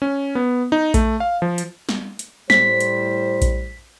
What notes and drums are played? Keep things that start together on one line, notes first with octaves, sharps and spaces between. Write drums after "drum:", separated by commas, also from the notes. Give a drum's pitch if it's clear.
C#4
B3
D#4
A3, drum: kick A#1, hi-hat
F5
F3
drum: hi-hat
drum: snare
drum: hi-hat
A2 G3 C5 B6, drum: snare
drum: hi-hat
drum: kick A#1, hi-hat